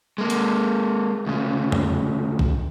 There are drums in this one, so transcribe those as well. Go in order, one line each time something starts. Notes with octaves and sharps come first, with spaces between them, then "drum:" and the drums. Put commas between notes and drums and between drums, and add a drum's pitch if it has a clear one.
G#3 A#3
drum: hi-hat
D2 C#3
drum: tom E2
drum: kick